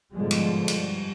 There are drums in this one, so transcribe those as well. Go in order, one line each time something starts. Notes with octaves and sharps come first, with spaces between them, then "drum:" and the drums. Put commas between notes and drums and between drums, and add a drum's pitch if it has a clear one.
G#2 B2 D3 F3 G3 G#3
drum: cymbal
G2 G3, drum: cymbal